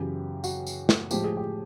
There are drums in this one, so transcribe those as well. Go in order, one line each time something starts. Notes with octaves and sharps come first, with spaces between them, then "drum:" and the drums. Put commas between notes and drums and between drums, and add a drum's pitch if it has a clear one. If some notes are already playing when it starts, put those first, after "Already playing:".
Already playing: F#2 C#3 E3 G4
F#4, drum: tambourine
drum: tambourine
drum: snare
A2 F3 G#3 G4, drum: tambourine
G#4
G4